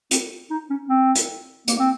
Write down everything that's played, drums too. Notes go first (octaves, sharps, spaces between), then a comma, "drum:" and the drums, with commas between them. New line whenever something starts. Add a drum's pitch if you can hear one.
C4, drum: hi-hat
D#4
C#4
C4
drum: hi-hat
A#3, drum: hi-hat
C4